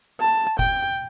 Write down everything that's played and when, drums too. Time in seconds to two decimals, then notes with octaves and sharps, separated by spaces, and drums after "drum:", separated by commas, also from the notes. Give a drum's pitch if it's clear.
0.20 A5
0.59 G5, drum: kick F1